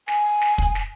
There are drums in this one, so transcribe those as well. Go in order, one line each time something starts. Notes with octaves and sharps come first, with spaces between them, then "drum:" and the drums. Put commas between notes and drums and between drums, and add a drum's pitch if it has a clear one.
G#5, drum: snare
drum: snare
drum: kick
drum: snare